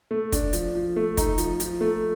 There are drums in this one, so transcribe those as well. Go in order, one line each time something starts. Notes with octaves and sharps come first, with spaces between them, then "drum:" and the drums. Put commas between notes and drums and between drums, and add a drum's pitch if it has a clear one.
A3
D4, drum: kick, hi-hat
F3, drum: hi-hat
F3
A3
D#4, drum: kick, hi-hat
F3, drum: hi-hat
F3, drum: hi-hat
A3